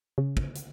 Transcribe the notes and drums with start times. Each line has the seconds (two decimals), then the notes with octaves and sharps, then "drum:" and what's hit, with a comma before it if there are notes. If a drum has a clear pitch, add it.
0.18 C#3
0.37 drum: kick
0.55 drum: hi-hat